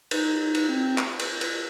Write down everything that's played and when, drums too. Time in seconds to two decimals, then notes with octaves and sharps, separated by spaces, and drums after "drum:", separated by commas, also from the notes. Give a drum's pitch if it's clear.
0.11 D#4, drum: cymbal
0.41 D#4
0.55 drum: cymbal
0.69 C4
0.98 drum: clap
1.19 drum: cymbal
1.41 drum: cymbal